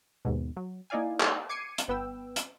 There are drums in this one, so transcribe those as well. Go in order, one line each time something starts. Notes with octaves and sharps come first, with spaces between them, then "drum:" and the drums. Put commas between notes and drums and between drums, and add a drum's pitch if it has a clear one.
D#2 G#2 B2
F#3
A#3 D#4 E4 D5 F5 G#5
drum: clap
D6 G#6 C7 C#7 D#7
drum: hi-hat
G1 B3 B4 G5 E6
drum: hi-hat